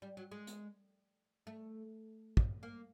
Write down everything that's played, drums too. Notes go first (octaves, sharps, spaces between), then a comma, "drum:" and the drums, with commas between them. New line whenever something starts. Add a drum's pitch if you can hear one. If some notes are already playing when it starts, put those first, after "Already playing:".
G3
F#3
G#3
drum: hi-hat
A3
drum: kick
A#3